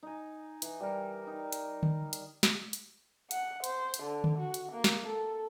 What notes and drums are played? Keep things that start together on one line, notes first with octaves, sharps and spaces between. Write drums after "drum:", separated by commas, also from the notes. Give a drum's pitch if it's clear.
D#4 G#5
E3, drum: hi-hat
G3 A#4
D#4
drum: hi-hat
drum: tom D3
drum: hi-hat
drum: snare
drum: hi-hat
F#5, drum: hi-hat
C5, drum: hi-hat
drum: hi-hat
D3
drum: tom D3
F#4
drum: hi-hat
A#3
drum: snare
A4